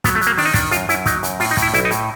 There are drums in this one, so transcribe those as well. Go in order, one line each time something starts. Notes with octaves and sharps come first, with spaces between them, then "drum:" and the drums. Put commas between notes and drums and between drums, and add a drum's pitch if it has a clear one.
F#3 B3, drum: kick, hi-hat
A3
F#3, drum: hi-hat
A#3
D#3 D4, drum: open hi-hat
D#4
D#3 D4, drum: kick, hi-hat
F#2 F4, drum: hi-hat
F#2 E4, drum: hi-hat
F#3 D#4, drum: kick, hi-hat
F#2, drum: hi-hat
A2 F4, drum: open hi-hat
D#4
A2, drum: kick, hi-hat
E4
B1 E4, drum: hi-hat
D#4
A2, drum: hi-hat